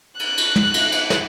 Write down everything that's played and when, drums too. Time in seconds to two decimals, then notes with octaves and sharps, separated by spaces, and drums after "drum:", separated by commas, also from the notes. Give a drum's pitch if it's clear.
0.19 F#6, drum: cymbal
0.38 drum: cymbal
0.56 drum: tom
0.74 drum: cymbal
0.92 drum: cymbal
1.10 drum: snare